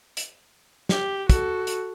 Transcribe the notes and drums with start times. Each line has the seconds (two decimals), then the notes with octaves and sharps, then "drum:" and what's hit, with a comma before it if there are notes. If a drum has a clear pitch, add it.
0.17 drum: hi-hat
0.89 G4, drum: snare
1.30 F#4 A4, drum: kick, hi-hat
1.67 drum: hi-hat